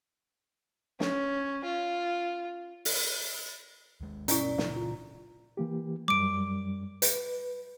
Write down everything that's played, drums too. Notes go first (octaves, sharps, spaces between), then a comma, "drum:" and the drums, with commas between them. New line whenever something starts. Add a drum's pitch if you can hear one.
C#4, drum: snare
F4
drum: open hi-hat
D#2 G#3
G2 B2 C#4 E4 D5 A#5, drum: hi-hat
A#2 C#3 E3, drum: snare
F4
E3 A#3 G4
F#2 G3 D6 D7
B4, drum: hi-hat